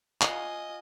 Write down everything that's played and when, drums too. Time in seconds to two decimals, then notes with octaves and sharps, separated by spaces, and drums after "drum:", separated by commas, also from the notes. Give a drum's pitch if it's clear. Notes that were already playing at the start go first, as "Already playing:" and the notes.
0.21 F4 D#5 F5 F#5 G#5, drum: clap